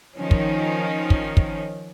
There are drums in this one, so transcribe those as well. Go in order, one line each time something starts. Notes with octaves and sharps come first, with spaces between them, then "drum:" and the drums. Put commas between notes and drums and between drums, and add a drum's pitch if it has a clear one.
D#3 F3 C#4
drum: kick
drum: kick
drum: kick